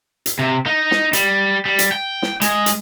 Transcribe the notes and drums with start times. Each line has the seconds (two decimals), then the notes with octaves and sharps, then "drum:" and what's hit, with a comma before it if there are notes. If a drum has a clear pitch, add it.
0.26 drum: hi-hat
0.39 C3
0.66 D#4
0.91 drum: snare
1.13 G3, drum: hi-hat
1.65 G3
1.79 drum: hi-hat
1.92 G5
2.22 drum: snare
2.41 G#3, drum: hi-hat
2.66 drum: hi-hat